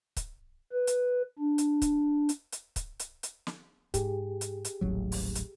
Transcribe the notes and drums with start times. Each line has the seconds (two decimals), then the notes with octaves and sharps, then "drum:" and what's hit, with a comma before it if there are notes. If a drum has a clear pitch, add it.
0.17 drum: kick C#1, hi-hat
0.72 B4
0.87 drum: hi-hat
1.39 D4
1.58 drum: hi-hat
1.82 drum: kick C#1, hi-hat
2.29 drum: hi-hat
2.52 drum: hi-hat
2.76 drum: kick C#1, hi-hat
2.99 drum: hi-hat
3.23 drum: hi-hat
3.47 drum: snare
3.94 G#2 G4 G#4, drum: kick C#1, hi-hat
4.41 drum: hi-hat
4.65 drum: hi-hat
4.81 D#1 A1 F#3
5.12 drum: open hi-hat
5.35 drum: hi-hat